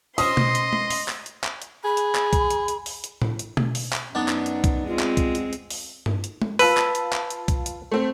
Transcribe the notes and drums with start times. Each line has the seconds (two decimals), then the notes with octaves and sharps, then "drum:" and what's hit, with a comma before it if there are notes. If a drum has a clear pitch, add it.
0.18 C#4 C5 D#5 G#5 C6 D#6, drum: hi-hat
0.37 drum: tom B2
0.55 drum: hi-hat
0.73 drum: tom G#3
0.90 drum: open hi-hat
1.08 drum: clap
1.26 drum: hi-hat
1.44 drum: clap
1.62 drum: hi-hat
1.84 G#4 B5
1.97 drum: hi-hat
2.15 drum: clap
2.33 drum: kick C2, hi-hat
2.50 drum: hi-hat
2.68 drum: hi-hat
2.86 drum: open hi-hat
3.04 drum: hi-hat
3.22 drum: tom A2
3.39 drum: hi-hat
3.57 drum: tom B2
3.75 drum: open hi-hat
3.93 drum: clap
4.15 F#2 B3 D4 D#4
4.28 drum: clap
4.46 drum: hi-hat
4.64 drum: kick C2, hi-hat
4.88 G#3 C4 F4
4.99 drum: clap
5.17 drum: kick C2, hi-hat
5.35 drum: hi-hat
5.53 drum: hi-hat
5.70 drum: open hi-hat
6.06 drum: tom G2
6.24 drum: hi-hat
6.42 drum: tom G#3
6.59 F4 B4 A5 E6, drum: open hi-hat
6.77 drum: clap
6.95 drum: hi-hat
7.13 drum: clap
7.30 drum: hi-hat
7.48 drum: kick C2, hi-hat
7.66 drum: hi-hat
7.92 A3 C4